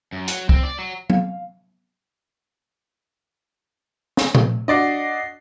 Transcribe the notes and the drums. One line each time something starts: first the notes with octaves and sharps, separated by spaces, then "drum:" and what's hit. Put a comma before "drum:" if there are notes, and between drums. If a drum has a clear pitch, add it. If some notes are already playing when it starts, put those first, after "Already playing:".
F#2
F#3, drum: hi-hat
C4, drum: kick
D5
F#3
F5, drum: tom F#3
drum: snare
drum: tom A#2
D4 F#4 D5 D#5 C7